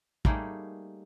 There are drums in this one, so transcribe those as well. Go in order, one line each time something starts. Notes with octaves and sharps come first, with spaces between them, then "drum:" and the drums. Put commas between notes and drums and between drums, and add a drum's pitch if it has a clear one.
G3 A3 A#3 D#4 G4 G#4, drum: kick